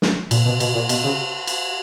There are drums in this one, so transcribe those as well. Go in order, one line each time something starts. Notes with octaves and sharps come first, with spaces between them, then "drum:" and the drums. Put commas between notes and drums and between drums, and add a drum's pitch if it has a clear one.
drum: snare
A#2, drum: cymbal
B2
B2, drum: cymbal
A#2
B2, drum: cymbal
C#3
drum: cymbal